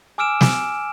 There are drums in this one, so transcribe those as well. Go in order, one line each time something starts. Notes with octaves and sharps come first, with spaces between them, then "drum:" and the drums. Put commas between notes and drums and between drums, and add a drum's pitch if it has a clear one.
G#5 D6 E6 F6 D7 E7
drum: snare